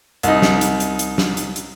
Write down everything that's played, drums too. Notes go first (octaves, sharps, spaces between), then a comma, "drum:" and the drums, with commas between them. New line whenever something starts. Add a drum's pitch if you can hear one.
C2 D#4, drum: hi-hat
drum: snare
drum: hi-hat
drum: hi-hat
drum: hi-hat
drum: snare
drum: hi-hat
drum: hi-hat